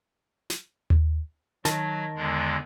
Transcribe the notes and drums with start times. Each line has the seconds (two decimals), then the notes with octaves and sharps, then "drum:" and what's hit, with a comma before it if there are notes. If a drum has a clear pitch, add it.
0.50 drum: snare
0.90 drum: tom D#2
1.65 D#3 F#3 A#4 A5, drum: snare
2.16 E2 D3 G#3